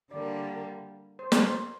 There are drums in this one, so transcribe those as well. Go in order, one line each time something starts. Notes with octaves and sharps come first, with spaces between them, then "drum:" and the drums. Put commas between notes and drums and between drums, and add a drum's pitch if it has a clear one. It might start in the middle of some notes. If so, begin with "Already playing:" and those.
D3 G3 A#3 D5
C5
A#4, drum: snare
C5